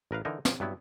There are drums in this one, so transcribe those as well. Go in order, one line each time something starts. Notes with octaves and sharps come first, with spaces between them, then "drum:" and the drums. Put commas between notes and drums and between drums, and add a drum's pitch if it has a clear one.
A1 A#4 B4 F5
D3 E3 D#4 A#4
F3, drum: snare
G2 F#3 B3 E4